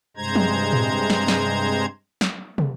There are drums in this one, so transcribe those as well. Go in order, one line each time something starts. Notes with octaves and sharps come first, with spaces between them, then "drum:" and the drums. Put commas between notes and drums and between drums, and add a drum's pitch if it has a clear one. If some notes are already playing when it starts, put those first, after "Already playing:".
G2 C3 G#3 C5 A#5 G#6
drum: tom F3
drum: tom A2
drum: snare
drum: snare
drum: snare
drum: tom